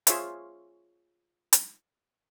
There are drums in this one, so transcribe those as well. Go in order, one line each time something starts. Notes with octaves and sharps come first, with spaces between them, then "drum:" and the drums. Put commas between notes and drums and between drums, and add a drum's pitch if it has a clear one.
F4 G#4 C5 C#5 E5 F5, drum: hi-hat
drum: hi-hat